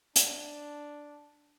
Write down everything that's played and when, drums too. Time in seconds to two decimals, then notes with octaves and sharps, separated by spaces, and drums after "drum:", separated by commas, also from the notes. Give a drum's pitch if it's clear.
0.16 D4, drum: hi-hat